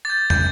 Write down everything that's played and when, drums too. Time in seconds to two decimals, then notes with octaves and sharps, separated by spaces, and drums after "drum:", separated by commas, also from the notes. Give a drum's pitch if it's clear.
0.05 D6 G6 A6
0.30 G6, drum: tom